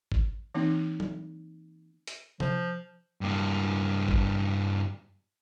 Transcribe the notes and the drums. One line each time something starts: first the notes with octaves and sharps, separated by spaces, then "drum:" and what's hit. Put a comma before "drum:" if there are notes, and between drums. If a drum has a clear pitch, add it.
drum: kick
E3 A#3 C4 D#4
drum: tom
drum: hi-hat
F3, drum: tom C3
G2 A#3
drum: kick